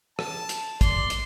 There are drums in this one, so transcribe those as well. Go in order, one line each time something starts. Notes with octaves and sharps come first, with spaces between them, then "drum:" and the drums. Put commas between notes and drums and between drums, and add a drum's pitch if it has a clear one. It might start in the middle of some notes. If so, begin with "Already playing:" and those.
A5, drum: rim click
drum: hi-hat
D5 C6, drum: kick, hi-hat
drum: hi-hat